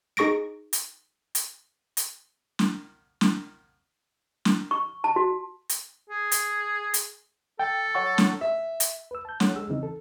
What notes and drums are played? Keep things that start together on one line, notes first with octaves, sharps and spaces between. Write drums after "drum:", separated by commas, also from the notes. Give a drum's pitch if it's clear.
D#4 G#4 C#6 A#6 D7
drum: hi-hat
drum: hi-hat
drum: hi-hat
drum: snare
drum: snare
drum: snare
C#6
A5
F#4
drum: hi-hat
G#4
drum: hi-hat
drum: hi-hat
A4 G5
C#5 F#5 C#6
drum: snare
E5
drum: hi-hat
B4 E6
A5 G6
A4 C#5 F#5, drum: snare
G#3 G#4 E6
C#3 E3 C4 D#4
A4